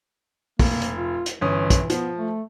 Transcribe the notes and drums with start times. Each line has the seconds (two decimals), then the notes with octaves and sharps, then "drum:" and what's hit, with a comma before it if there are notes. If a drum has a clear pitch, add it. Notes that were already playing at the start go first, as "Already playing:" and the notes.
0.59 F1 A#3, drum: kick, open hi-hat
0.82 drum: hi-hat
0.97 F4
1.26 drum: hi-hat
1.41 G1 E3 C#4 D#6
1.70 drum: kick, hi-hat
1.90 F3 B3, drum: hi-hat
2.18 A3